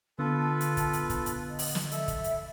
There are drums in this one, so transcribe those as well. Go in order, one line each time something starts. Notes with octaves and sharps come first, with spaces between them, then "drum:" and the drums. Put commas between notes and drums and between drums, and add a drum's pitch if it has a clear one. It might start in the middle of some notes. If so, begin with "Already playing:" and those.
D3 B3 F4 A4 B4 A5
drum: hi-hat
drum: kick, hi-hat
drum: hi-hat
drum: kick, hi-hat
drum: hi-hat
D#5
drum: open hi-hat
drum: snare
A4 E5, drum: hi-hat
drum: kick, hi-hat
drum: hi-hat